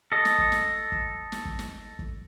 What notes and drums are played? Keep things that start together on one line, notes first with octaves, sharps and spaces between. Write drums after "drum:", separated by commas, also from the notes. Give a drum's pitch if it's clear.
A4 D#5
drum: snare
drum: kick
drum: snare
drum: kick
drum: snare
drum: kick
drum: snare
drum: kick